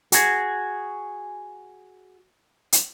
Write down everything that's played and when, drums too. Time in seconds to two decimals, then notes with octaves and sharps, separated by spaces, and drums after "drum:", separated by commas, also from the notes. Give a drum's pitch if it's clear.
0.12 F#4 G#4, drum: hi-hat
2.72 drum: hi-hat